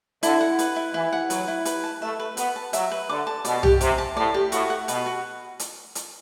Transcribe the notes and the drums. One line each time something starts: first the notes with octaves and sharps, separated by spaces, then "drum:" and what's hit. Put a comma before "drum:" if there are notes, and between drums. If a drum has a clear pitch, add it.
D3 E4, drum: hi-hat
F#5
B4, drum: hi-hat
E4
E3 E4
F#5
F#3 B4, drum: hi-hat
E4
B4, drum: hi-hat
A5
A3 E5
B4
B3 B4, drum: hi-hat
A5
F#3 E5, drum: hi-hat
B4
D3 D6
A5
B2 D5, drum: hi-hat
G4, drum: tom
C3 D6, drum: hi-hat
A5
A2 D5
G4
A2 F#4, drum: hi-hat
F#5
B2 B4, drum: hi-hat
F#4
drum: hi-hat
drum: hi-hat